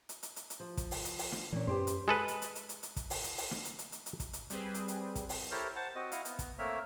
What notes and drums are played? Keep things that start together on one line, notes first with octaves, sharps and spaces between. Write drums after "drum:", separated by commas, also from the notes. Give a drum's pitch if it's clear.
drum: hi-hat
drum: hi-hat
drum: hi-hat
drum: hi-hat
F3
drum: kick, hi-hat
drum: open hi-hat
drum: hi-hat
drum: open hi-hat
drum: snare
A#2 E3 C#4
F#2 B3 C#4 G4 C5
drum: hi-hat
G#3 A4 B4
drum: hi-hat
drum: hi-hat
drum: hi-hat
drum: hi-hat
drum: hi-hat
drum: kick, hi-hat
drum: open hi-hat
drum: hi-hat
drum: open hi-hat
drum: snare
drum: hi-hat
drum: hi-hat
drum: hi-hat
drum: hi-hat
drum: kick, hi-hat
drum: hi-hat
G3 C4 G#4 B4, drum: hi-hat
drum: hi-hat
drum: hi-hat
drum: kick, hi-hat
drum: open hi-hat
E4 G4 A4 A#4 C5 C#5
C5 F#5 A5
C4 F#4 D#5
E4 D#5 F5 F#5, drum: hi-hat
B3, drum: hi-hat
drum: kick, hi-hat
A3 A#3 C4 A#4 C#5 E5